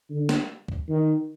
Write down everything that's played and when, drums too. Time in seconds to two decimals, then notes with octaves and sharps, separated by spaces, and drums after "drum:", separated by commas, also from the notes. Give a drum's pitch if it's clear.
0.10 D3
0.29 drum: snare
0.68 drum: kick
0.89 D#3